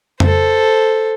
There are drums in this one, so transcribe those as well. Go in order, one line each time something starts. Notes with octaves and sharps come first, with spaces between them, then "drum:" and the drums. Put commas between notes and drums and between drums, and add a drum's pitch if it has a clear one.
A4 C5, drum: tom F2